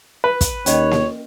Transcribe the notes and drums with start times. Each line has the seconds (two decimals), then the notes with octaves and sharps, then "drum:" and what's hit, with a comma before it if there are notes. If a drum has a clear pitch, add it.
0.24 B4
0.41 drum: kick, hi-hat
0.66 D#2 C#4 C#5 D#5 G5, drum: hi-hat
0.91 drum: snare A#3